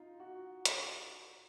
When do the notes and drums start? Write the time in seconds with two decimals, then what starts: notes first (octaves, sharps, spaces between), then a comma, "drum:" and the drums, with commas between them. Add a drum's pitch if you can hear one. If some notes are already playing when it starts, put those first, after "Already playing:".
Already playing: D#4 F4
0.20 F#4
0.65 drum: hi-hat